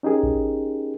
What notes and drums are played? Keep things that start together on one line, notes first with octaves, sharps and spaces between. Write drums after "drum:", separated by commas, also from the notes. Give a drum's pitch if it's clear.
C#4 D#4 G4 G#4 A#4
drum: kick A1